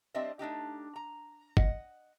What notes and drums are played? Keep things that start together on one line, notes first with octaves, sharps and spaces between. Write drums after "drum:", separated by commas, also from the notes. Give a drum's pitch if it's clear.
G3 C4 D4 C5 D#5 E5
A3 D4 D#4 G4
A#5
D#5 F#5, drum: kick